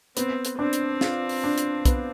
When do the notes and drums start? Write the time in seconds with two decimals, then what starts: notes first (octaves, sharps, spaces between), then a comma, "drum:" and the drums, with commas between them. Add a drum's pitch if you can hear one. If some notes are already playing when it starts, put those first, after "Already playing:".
0.17 B3 C4, drum: hi-hat
0.45 drum: hi-hat
0.59 C4 D4
0.73 drum: hi-hat
1.01 F4, drum: snare
1.29 drum: open hi-hat
1.44 D4
1.58 drum: hi-hat
1.85 B3, drum: kick, hi-hat